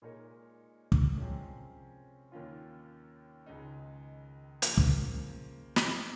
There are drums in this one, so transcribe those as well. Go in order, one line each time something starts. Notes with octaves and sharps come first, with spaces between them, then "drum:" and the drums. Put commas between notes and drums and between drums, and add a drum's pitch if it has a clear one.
A#2 G#3 D#4 A#4 C#5
drum: kick
C3 F3 G#3 C#4 G#4
D#2 D#3 A#3 C#4 F4
C#2 C#3 G#3 D#4
C#3 F3 A#3, drum: hi-hat
drum: kick
G#2 F3 G#3 D#4 G#4, drum: snare